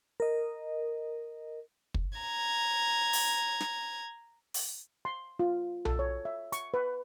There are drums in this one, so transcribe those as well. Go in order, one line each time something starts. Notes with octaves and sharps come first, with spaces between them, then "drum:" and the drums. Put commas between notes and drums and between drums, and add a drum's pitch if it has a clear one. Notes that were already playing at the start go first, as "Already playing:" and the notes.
A#4 D#5
drum: kick
A#5 G#6
drum: open hi-hat
drum: snare
drum: open hi-hat
C6
F4
A4, drum: tom B1
C#5
E5
C#6, drum: hi-hat
B4